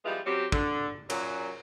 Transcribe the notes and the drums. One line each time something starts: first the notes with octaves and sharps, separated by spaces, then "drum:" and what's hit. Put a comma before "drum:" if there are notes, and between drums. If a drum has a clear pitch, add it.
F3 G3 G#3 B3 E4 F4
F#3 C4 C#4 G4
D3, drum: kick
F#2 A#2 F#3, drum: cymbal